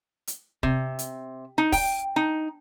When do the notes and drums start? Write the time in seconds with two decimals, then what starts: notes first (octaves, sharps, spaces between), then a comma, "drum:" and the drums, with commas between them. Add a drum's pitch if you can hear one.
0.27 drum: hi-hat
0.63 C3, drum: kick
0.99 drum: hi-hat
1.58 D#4
1.72 G5, drum: kick, open hi-hat
2.16 D#4